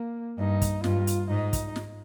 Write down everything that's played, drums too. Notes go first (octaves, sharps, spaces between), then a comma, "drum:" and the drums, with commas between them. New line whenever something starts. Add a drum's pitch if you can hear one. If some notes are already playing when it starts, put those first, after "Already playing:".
Already playing: A#3
G2 D#4
drum: kick, hi-hat
G2 F4, drum: snare
drum: hi-hat
G#2 D#4
drum: kick, hi-hat
drum: snare